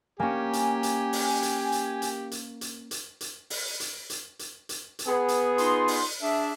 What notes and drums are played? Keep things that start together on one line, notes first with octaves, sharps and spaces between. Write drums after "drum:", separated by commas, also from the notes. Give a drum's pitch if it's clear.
A#3 C#4 G4 G#5
drum: hi-hat
drum: hi-hat
drum: open hi-hat
drum: hi-hat
drum: hi-hat
drum: hi-hat
drum: hi-hat
drum: hi-hat
drum: hi-hat
drum: hi-hat
drum: open hi-hat
drum: hi-hat
drum: hi-hat
drum: hi-hat
drum: hi-hat
drum: hi-hat
B3 G#4
drum: hi-hat
D#4 F4 C6, drum: hi-hat
drum: open hi-hat
D4 G#4 E5